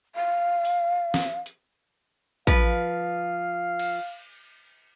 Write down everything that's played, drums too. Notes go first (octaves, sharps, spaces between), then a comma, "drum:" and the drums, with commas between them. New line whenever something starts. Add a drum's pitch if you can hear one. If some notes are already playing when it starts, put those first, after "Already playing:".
F5
drum: open hi-hat
drum: snare
drum: hi-hat
F3 B4 F5, drum: kick
drum: cymbal